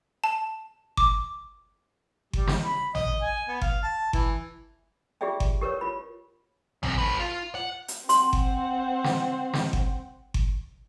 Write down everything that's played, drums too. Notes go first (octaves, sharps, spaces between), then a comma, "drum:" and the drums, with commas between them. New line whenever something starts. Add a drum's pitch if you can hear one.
A5
D6, drum: kick G1
G3, drum: kick G1
drum: snare
B5
D#5, drum: tom
G#5
B3
F5, drum: kick G1
A5
E3, drum: kick G1
F4 G4 G#4 D5 E5 G5
drum: kick G1
G4 A#4 B4 C#5
F4 B5
F#2 C4, drum: tom
A4 B4
F4
F#5
drum: hi-hat
C4 F#5 C6, drum: hi-hat
drum: kick G1
drum: snare
drum: snare
drum: kick G1
drum: kick G1